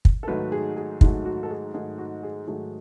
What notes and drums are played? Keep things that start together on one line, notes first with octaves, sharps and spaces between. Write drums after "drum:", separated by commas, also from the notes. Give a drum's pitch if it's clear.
drum: kick
A4
G#2 D#3 F#3 A3 B4
G#4
G#4
G#2 D#3 F#3 A3 G#4, drum: kick
F#4
A4
G#4
G#2 D#3 F#3 A3 G#4
F#4
G#4
G#2 D#3 F#3 A3 G#4